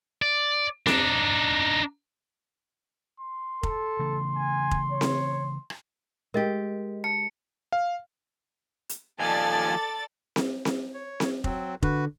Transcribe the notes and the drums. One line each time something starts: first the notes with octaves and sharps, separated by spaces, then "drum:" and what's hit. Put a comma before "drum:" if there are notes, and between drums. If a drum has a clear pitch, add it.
D5
D4 D#4, drum: snare C4
C6
A4, drum: kick F1
C#3 E3 A3
G#5
drum: kick F1
C#5
drum: snare C4
drum: rim click
G#3 G4 A#4 D#5
A5 C#7
F5
drum: hi-hat
D#2 F3 A4 D5 G#5 A6
drum: snare C4
drum: snare C4
C#5
drum: snare C4
F#3 C4, drum: kick F1
D3 F#4 B4, drum: kick F1